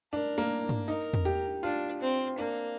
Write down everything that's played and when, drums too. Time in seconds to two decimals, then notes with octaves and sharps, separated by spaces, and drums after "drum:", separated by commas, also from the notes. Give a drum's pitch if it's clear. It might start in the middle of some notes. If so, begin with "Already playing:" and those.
0.13 D4 A#4
0.38 A#3, drum: hi-hat
0.69 drum: tom
0.87 D#4 A#4
1.14 drum: tom E2
1.25 G4
1.63 D4 F4
2.01 C4
2.38 A#3 D4